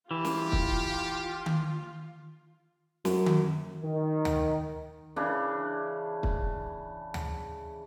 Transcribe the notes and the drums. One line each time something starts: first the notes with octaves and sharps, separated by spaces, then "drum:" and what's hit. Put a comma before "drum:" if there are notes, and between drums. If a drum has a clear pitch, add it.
E3 F4 G4
drum: snare
drum: kick
drum: tom D#3
F#2, drum: snare
drum: tom D#3
D#3
drum: tom D2
C#3 E3 D4
drum: kick
drum: tom D2